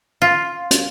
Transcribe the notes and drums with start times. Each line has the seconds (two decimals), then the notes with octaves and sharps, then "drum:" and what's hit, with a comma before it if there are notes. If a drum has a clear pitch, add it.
0.22 F4
0.71 drum: hi-hat